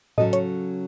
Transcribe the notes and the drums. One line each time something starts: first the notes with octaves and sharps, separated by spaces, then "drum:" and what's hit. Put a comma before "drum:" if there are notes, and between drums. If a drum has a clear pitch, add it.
C#3 F#3 C#4 F#4 A4 D#5, drum: tom A2
C#5, drum: hi-hat